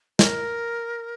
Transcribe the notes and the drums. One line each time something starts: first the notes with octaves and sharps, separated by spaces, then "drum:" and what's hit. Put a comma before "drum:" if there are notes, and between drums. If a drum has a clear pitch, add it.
A#4, drum: snare